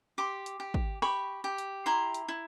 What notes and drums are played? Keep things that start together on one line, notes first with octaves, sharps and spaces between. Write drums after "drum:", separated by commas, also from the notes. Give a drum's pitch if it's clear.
G4 C6 D6
drum: hi-hat
G4
drum: kick
G4 B5 C#6, drum: rim click
G4
drum: hi-hat
E4 A#5 C6
drum: hi-hat
E4